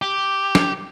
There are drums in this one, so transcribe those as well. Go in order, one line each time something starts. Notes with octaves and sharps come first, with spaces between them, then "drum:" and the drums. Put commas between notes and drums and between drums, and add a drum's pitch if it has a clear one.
G4
drum: snare